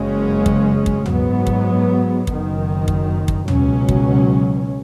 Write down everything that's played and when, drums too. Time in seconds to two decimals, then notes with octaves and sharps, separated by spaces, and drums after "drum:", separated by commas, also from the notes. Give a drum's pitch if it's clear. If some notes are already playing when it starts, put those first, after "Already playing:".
Already playing: F#1 F#2 C#3 G#3 C#4
0.46 drum: kick
0.86 drum: kick
1.06 G#2 F#3 B3, drum: tom
1.47 drum: kick
2.27 F#1 F#2 D#3, drum: kick
2.88 drum: kick
3.28 drum: kick
3.48 C#2 B2 F#3 C#4, drum: tom
3.89 drum: kick